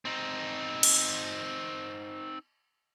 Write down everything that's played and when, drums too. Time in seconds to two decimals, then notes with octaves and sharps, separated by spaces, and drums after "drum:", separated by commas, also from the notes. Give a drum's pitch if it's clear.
0.05 C4 D#4
0.83 drum: cymbal